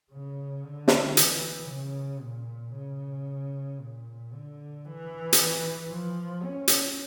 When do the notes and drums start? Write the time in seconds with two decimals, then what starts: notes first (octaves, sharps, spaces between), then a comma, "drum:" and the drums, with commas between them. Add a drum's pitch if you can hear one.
0.12 C#3
0.64 D3
0.88 drum: snare
1.17 E3, drum: hi-hat
1.70 C#3
2.22 A#2
2.75 C#3
3.81 A#2
4.33 D3
4.85 E3
5.33 drum: hi-hat
5.91 F3
6.44 C#4
6.68 drum: hi-hat